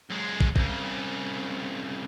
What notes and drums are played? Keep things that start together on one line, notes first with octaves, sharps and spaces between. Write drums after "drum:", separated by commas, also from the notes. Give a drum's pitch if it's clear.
F#2 G#3
drum: kick
C2 C#3, drum: kick